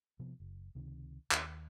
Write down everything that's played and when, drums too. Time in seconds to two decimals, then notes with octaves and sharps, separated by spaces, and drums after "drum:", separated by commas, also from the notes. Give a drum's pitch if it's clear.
0.19 C3 F3 B3
0.40 F#1
0.75 C#2 C3 D#3
1.31 D#2, drum: clap